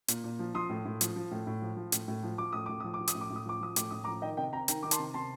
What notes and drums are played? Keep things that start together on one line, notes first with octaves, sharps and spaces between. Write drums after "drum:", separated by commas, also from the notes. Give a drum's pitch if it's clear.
A#2, drum: hi-hat
A#2
F3
F3 C6 D#6
A2
A2
F3, drum: hi-hat
F3
A2
A2
F3
F3
A2, drum: hi-hat
A2
F3
F3 D6
A2 D#6
A2 D6
F3 D#6
D6
F3
D#6, drum: hi-hat
A2
D6
A2
D#6
F3 D6
F3 D#6
A2 D6, drum: hi-hat
A2 D#6
F3 A#5 D6
D#3 D#5 G5
C3 D#5 G5
C3 G5 A#5
D#3 G5 A#5, drum: hi-hat
D#3 D6
A5 C6, drum: hi-hat
C3
C3 A5 C6